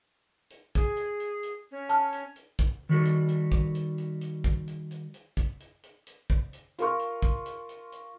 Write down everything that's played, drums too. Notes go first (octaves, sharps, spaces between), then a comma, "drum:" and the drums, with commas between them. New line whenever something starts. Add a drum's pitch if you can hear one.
drum: hi-hat
G#4, drum: kick, hi-hat
drum: hi-hat
drum: hi-hat
drum: hi-hat
C#4
A5 F6, drum: hi-hat
drum: hi-hat
drum: hi-hat
drum: kick, hi-hat
D#3 G3 F#4 A4
drum: hi-hat
drum: hi-hat
drum: kick, hi-hat
drum: hi-hat
drum: hi-hat
drum: hi-hat
drum: kick, hi-hat
drum: hi-hat
drum: hi-hat
drum: hi-hat
drum: kick, hi-hat
drum: hi-hat
drum: hi-hat
drum: hi-hat
drum: kick
drum: hi-hat
F4 A#4 F5 C6 C#6 F6, drum: hi-hat
drum: hi-hat
drum: kick, hi-hat
drum: hi-hat
drum: hi-hat
drum: hi-hat